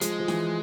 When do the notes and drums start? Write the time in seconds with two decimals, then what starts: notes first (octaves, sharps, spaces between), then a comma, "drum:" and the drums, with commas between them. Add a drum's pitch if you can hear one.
0.01 F3 G#3, drum: hi-hat
0.20 F3
0.28 E3, drum: snare